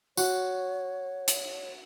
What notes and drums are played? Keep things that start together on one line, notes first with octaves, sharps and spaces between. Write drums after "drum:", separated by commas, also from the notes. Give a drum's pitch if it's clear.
F#4 C#5, drum: tambourine
drum: hi-hat